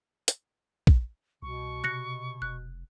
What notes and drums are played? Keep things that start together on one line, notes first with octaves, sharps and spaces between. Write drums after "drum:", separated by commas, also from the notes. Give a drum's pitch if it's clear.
drum: hi-hat
drum: kick
C2 B2 C#6
C3 F#6 A#6 C#7
F1 F#6